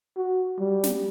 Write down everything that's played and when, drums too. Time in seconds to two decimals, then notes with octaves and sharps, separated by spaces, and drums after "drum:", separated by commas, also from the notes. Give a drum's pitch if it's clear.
0.16 F#4
0.59 G3
0.84 drum: snare